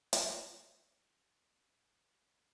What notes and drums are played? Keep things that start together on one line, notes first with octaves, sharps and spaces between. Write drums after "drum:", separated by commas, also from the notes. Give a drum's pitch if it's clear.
drum: hi-hat
A4
B5
A#3
D#5
C6
D5
G#4
A#4